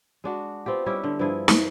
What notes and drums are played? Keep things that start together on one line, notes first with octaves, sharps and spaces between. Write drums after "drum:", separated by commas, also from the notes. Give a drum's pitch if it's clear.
G#3 D4 F#4
B3 C4 F4 G4
G3 C#4 E4 G4
D3
G2 F3 E4 G#4
A#3, drum: snare